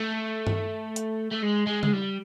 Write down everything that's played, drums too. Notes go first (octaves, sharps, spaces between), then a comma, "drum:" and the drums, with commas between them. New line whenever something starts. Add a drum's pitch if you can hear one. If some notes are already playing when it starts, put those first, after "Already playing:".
Already playing: A3
drum: tom G2
drum: hi-hat
A3
G#3
G#3
G#3, drum: tom C#3
G3